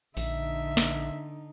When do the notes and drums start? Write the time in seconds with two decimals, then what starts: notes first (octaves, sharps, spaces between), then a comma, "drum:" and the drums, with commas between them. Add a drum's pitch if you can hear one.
0.17 A#1 D3 D#4 E5, drum: open hi-hat
0.77 drum: snare